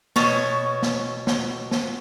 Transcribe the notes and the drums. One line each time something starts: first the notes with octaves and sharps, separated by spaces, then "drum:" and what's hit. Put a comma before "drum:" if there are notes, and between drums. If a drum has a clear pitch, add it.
B2 C#5, drum: snare
drum: snare
drum: snare
drum: snare